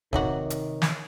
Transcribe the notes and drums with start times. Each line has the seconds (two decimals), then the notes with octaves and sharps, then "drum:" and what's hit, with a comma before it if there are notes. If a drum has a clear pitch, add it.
0.13 C3 D#3 A3 D#4 F#4 C#5 F#5 D6, drum: kick
0.50 drum: hi-hat
0.82 drum: snare